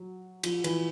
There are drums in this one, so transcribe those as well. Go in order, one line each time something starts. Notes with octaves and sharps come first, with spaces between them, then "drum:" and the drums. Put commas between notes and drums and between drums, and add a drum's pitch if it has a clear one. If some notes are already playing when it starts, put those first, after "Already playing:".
Already playing: F#3
F3, drum: cymbal
E3, drum: cymbal